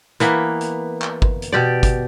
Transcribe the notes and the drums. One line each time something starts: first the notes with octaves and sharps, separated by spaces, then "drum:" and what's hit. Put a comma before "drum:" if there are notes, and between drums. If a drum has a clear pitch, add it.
E3 A#3 B3, drum: hi-hat
drum: hi-hat
drum: clap
drum: kick
drum: hi-hat
B2 G4 D5
drum: kick, hi-hat